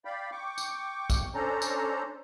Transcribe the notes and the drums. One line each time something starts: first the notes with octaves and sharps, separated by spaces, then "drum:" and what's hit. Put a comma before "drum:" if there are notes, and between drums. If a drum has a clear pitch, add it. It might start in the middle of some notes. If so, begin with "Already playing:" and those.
D5 F5 G5 B5
G5 C#6 D6
drum: tambourine
drum: kick, tambourine
C#4 D4 A4 C5 A#5
drum: tambourine